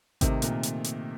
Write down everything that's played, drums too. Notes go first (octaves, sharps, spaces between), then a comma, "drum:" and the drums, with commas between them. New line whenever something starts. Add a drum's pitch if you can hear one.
C3 D#3 A3 D#4 G4 A#4, drum: kick G#1, hi-hat
A#2, drum: hi-hat
drum: hi-hat
drum: hi-hat